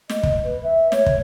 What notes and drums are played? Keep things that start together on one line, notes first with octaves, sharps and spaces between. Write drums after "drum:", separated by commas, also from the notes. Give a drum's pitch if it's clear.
D#5, drum: snare
drum: kick
B4
E5
C#5, drum: snare
drum: kick